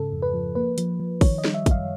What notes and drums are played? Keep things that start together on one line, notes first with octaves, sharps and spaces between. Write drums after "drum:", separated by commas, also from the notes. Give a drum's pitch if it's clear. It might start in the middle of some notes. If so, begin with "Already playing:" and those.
Already playing: G#2 C#3 A4
F2
B4
F3
A#3 B4
F3, drum: hi-hat
F3
D#3 C#5, drum: kick, open hi-hat
D#5
G3, drum: snare
E5
F#2 F5, drum: kick, hi-hat